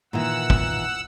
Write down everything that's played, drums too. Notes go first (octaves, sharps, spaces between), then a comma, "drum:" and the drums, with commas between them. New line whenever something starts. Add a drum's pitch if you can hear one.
A#2 D#3 E3 F#5 E6
drum: kick